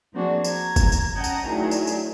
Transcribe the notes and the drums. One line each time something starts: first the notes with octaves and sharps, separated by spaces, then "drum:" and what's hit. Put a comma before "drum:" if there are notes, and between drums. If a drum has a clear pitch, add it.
F3 A#3 C4 D4 F#4 G#4
A#5 G#6, drum: tambourine
drum: kick F#1, tambourine
drum: tambourine
C#4 D#5 F#5 G5 A5 A#5
drum: tambourine
D#3 F#3 A3 D4 E4 G#4
drum: tambourine
drum: tambourine